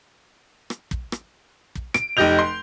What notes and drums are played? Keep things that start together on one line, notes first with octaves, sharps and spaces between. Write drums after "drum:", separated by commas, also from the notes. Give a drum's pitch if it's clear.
drum: rim click
drum: kick
drum: rim click
drum: kick
D7, drum: rim click
F1 D#4 G4 D#5 G6 F7
C6